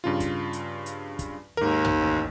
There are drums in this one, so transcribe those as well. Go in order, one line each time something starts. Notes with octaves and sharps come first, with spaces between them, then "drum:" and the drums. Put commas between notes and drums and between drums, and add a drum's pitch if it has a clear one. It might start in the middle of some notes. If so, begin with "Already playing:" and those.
G2 C#3 F4
drum: kick, hi-hat
drum: hi-hat
drum: hi-hat
drum: kick, hi-hat
D#2 G#2 A#4
drum: tom
A1